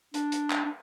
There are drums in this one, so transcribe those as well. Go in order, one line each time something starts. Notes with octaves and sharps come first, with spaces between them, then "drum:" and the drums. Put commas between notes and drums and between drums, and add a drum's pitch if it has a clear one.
D4, drum: hi-hat
drum: hi-hat
drum: clap
D4